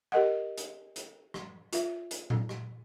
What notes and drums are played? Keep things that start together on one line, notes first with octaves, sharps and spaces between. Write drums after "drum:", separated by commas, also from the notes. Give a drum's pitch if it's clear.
G4 A#4 D#5 F#5
drum: hi-hat
drum: hi-hat
drum: rim click
F4 E5, drum: hi-hat
drum: hi-hat
drum: tom A#2
drum: rim click